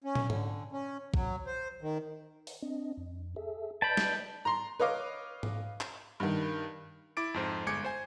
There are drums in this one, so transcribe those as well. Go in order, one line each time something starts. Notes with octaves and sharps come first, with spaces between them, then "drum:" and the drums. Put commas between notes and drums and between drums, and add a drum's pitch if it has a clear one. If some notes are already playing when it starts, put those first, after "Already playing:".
C#4
drum: tom
D3, drum: tom G#2
C#4
F#3, drum: kick
C5
D#3
drum: open hi-hat
C4 D4 D#5
F2
G#4 A4 E5
B4 D5 D#5 G5 A5 B5
drum: snare
A#5 C6
B4 C#5 D#5 F5 D6
drum: tom G#2
drum: clap
G2 D#3
E4 D6 A6 D7
F2 G#2 C5
G1 G#3 G#5 D6 G#6 C#7
C5 G#5